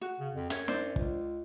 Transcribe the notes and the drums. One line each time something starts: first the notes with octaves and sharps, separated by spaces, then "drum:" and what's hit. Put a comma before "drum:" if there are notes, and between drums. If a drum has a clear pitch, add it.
F#4
C#3
F2
F#2 C#4 C#5, drum: hi-hat
D4 C5 D5, drum: snare
C#2, drum: kick